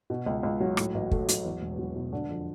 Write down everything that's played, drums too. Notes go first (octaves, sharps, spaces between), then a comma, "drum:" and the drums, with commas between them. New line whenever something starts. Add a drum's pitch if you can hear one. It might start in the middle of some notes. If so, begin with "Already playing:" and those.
B2
C#2
C#2
F#3
A2, drum: rim click
A1
A3, drum: kick
F#3, drum: hi-hat
E2
E1
F#3
B2
D3
F2